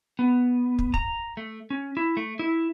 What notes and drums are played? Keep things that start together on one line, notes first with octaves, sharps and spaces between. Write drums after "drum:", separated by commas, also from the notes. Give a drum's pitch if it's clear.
B3
drum: kick
A#5, drum: kick
A3
C#4
E4
A3
E4